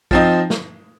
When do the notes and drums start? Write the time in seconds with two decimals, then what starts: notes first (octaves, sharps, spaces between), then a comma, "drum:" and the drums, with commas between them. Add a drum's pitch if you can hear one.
0.11 F3 C4 D#4, drum: kick
0.50 drum: snare